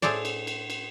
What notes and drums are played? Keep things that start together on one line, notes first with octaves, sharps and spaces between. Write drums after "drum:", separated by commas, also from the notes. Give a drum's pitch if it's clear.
A2 G#4 A4 C5 D5, drum: cymbal
drum: cymbal
drum: cymbal
drum: cymbal